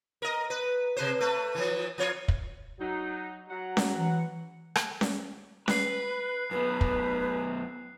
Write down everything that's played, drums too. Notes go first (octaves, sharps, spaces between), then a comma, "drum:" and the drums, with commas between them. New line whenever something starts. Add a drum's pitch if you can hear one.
A#4 D#5
B4
C3 B4 C5
A3 B4
E3 F3
F3 F4 C#5
drum: kick
F#3 D#4
F#3 F#5 A#5
drum: snare C#4
E3
drum: rim click
drum: snare C#4
B4 F#6 C7, drum: snare C#4
F#2 B3 B4
drum: kick